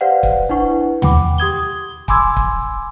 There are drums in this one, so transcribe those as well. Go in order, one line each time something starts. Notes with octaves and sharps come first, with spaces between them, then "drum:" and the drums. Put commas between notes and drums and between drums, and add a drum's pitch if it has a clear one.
G4 B4 C5 D5 F5 F#5
drum: kick
D4 E4 B4 F#5 C#6
F#5 G5 B5 D6, drum: tom
G4 D#6 G#6 G7
G#5 B5 C6 D6 E6 G#6, drum: kick
drum: kick